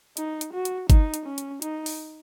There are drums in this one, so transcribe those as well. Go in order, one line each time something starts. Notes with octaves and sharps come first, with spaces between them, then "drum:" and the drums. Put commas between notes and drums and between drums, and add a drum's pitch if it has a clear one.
D#4, drum: hi-hat
drum: hi-hat
F#4
drum: hi-hat
D#4, drum: kick G1, hi-hat
drum: hi-hat
C#4
drum: hi-hat
D#4, drum: hi-hat
drum: open hi-hat